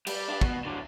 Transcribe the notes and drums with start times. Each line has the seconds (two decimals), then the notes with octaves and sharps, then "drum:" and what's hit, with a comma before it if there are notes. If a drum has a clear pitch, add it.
0.07 G3, drum: cymbal
0.28 D4 G4
0.41 B2, drum: kick
0.65 D3 F#3